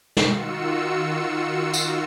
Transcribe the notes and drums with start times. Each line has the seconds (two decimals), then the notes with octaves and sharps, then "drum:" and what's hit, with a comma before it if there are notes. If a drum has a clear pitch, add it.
0.17 D#3 F4 F#4 E6 C#7, drum: snare
1.74 drum: tambourine